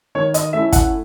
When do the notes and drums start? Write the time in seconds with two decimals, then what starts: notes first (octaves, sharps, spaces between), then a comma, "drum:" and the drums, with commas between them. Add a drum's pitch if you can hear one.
0.15 D#3 C#5
0.34 D#5, drum: hi-hat
0.53 A3 C#4 E4 E5
0.72 F#5, drum: kick, hi-hat